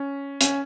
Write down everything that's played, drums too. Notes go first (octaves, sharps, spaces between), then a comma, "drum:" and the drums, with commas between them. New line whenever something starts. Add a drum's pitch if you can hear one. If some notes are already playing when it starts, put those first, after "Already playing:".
Already playing: C#4
C#4, drum: hi-hat